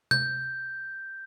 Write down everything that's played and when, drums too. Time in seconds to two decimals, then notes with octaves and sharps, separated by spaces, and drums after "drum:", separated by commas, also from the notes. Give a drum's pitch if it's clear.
0.11 G6, drum: tom C3